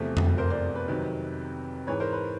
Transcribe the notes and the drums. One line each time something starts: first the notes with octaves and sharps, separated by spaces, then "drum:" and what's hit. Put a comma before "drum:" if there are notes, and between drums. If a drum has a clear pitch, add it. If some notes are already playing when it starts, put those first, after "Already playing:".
Already playing: E2 C3 F3 A3
drum: tom F2
A#4 C5
C5 D5
B4
F2 C3 D#3 F#3
G#2 E3 G#3 B4 C#5
A#4 C5
B4